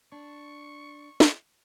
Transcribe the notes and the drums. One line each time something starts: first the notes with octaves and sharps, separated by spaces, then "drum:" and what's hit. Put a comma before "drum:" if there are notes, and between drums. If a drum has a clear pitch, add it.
D4 C#6
drum: snare